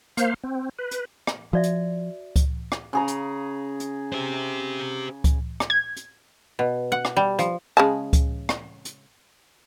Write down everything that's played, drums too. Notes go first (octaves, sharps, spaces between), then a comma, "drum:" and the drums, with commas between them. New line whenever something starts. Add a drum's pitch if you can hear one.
A#3 C5 F5, drum: hi-hat
C4
B4
drum: hi-hat
drum: rim click
F3 F#4 D5 E5
drum: hi-hat
drum: kick C#2, hi-hat
drum: rim click
C#3 G#4 A#5
drum: hi-hat
drum: hi-hat
G4 C5
drum: kick C#2, hi-hat
drum: rim click
G#6
drum: hi-hat
B2
F#5
drum: rim click
G3
F3, drum: hi-hat
C#3 G#3 A5
drum: kick C#2, hi-hat
drum: rim click
drum: hi-hat